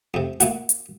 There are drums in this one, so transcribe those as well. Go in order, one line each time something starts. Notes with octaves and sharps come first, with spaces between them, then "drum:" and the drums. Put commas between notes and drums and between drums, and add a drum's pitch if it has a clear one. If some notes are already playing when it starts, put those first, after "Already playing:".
F2 C3
A#2 A#3 E4 F#4, drum: hi-hat
drum: hi-hat